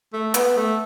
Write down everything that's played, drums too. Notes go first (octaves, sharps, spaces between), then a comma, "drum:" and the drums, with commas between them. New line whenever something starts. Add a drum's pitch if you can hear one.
A3
B3, drum: hi-hat
A3